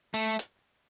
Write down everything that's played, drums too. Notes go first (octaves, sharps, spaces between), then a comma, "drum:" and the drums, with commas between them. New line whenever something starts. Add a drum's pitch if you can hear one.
A3
drum: hi-hat